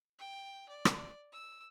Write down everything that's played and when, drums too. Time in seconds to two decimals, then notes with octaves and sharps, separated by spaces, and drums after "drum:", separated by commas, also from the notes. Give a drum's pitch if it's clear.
0.19 G5
0.69 D5
0.85 drum: rim click
1.32 E6